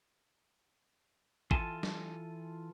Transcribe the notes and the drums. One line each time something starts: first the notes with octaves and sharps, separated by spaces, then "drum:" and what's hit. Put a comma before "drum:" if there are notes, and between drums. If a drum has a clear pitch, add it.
E3 F4 A4 G#5 A5, drum: kick
drum: snare